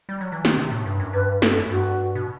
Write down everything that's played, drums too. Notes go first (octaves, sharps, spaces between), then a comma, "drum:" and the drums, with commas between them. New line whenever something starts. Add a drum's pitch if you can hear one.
G3
F#3
E3
D#3, drum: snare
C3
A2
G2
F#2
G2 B4
A4, drum: snare
F#2
G2 F#4
B2